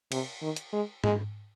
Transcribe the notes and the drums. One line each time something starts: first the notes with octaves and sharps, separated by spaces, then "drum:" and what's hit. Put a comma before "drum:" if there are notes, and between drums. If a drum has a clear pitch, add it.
C3, drum: cymbal
D#3
drum: hi-hat
G#3
G#3, drum: tom G#2